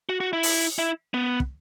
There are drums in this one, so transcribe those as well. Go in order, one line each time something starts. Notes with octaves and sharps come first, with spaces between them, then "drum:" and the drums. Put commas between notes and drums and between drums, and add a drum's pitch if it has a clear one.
F#4
F#4
E4
drum: open hi-hat
E4
B3
drum: kick